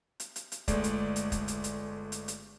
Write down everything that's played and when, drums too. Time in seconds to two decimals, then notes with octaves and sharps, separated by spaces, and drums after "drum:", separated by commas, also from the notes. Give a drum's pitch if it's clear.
0.20 drum: hi-hat
0.36 drum: hi-hat
0.52 drum: hi-hat
0.68 G1 G#3 A3 D5, drum: kick, hi-hat
0.84 drum: hi-hat
1.16 drum: hi-hat
1.32 drum: kick, hi-hat
1.48 drum: hi-hat
1.64 drum: hi-hat
2.12 drum: hi-hat
2.28 drum: hi-hat